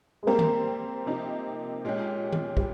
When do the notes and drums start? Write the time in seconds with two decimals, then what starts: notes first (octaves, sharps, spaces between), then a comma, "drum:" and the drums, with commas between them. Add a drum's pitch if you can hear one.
0.23 G#3
0.27 G3 A#3 C4 G4
0.39 drum: tom D#3
1.06 C3 F3 C4 D#4 G4
1.85 A#2 G#3 C#4 G4
2.33 drum: tom D#3
2.57 G3, drum: kick